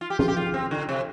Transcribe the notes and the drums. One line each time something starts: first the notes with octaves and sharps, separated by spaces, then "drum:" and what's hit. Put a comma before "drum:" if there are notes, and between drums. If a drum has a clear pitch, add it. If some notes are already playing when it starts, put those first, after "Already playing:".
F4
G4
F4, drum: tom
G4
F4
C4
D3
C3